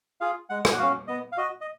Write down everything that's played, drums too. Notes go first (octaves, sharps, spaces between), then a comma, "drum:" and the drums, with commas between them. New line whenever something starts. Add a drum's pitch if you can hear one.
F4 G#4 F5
G#3 F#5
G#5, drum: rim click
F#5
C#4 F#4 F5
B3 D#5
F5
F#4 D#5
D#5